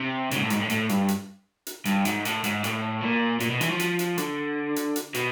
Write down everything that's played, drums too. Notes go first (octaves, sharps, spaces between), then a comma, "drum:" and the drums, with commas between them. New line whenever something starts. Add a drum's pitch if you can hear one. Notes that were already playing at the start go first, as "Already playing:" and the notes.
Already playing: C3
G#2 C#3, drum: hi-hat
A2
G#2, drum: hi-hat
A2
A2, drum: hi-hat
G2, drum: hi-hat
drum: hi-hat
drum: hi-hat
G2, drum: hi-hat
G#2, drum: hi-hat
A2, drum: hi-hat
G#2, drum: hi-hat
A2, drum: hi-hat
A#2
A#2, drum: hi-hat
B2
E3, drum: hi-hat
F3
drum: hi-hat
drum: hi-hat
D3, drum: hi-hat
drum: hi-hat
drum: hi-hat
B2, drum: hi-hat